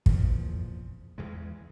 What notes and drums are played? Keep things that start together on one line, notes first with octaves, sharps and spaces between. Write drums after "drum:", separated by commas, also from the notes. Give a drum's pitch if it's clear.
E2 A#2 C#3 F3, drum: kick
E2 C#3 G#3